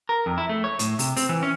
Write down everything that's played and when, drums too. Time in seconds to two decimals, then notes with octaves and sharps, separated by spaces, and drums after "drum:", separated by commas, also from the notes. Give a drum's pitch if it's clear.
0.09 A#4
0.26 F2
0.38 E4
0.49 A3
0.64 C#5
0.79 A2, drum: hi-hat
0.99 C3, drum: open hi-hat
1.17 C4, drum: open hi-hat
1.29 E3
1.43 C#4